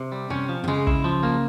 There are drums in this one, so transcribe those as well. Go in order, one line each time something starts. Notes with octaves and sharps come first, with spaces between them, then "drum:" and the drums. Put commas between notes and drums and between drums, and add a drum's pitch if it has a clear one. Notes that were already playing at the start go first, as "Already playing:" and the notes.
Already playing: C3
G3
C3 C#4
F3
C3
C#3 G#3
E4, drum: kick
F3
A#3